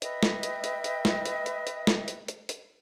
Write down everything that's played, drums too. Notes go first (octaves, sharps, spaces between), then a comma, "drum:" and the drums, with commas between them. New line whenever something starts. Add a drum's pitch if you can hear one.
B4 D#5 E5 G5, drum: hi-hat
drum: snare
drum: hi-hat
drum: hi-hat
drum: hi-hat
drum: snare
drum: hi-hat
drum: hi-hat
drum: hi-hat
drum: snare
drum: hi-hat
drum: hi-hat
drum: hi-hat